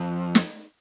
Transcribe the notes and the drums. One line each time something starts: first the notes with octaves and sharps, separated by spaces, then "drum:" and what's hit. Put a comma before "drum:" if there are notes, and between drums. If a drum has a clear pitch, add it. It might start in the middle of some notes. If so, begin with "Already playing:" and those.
Already playing: F2
drum: snare